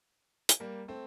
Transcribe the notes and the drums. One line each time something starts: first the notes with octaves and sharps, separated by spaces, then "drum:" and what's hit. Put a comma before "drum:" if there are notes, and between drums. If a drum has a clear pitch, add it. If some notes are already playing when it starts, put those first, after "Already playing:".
drum: hi-hat
G3 A#3
A3 C4